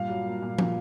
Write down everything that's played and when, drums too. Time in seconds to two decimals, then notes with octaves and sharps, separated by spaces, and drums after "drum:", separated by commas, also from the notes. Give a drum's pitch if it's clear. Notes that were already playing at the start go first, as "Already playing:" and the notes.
Already playing: G2 A#2 F5
0.09 F#3
0.26 A#3
0.42 A#2
0.58 A#2, drum: tom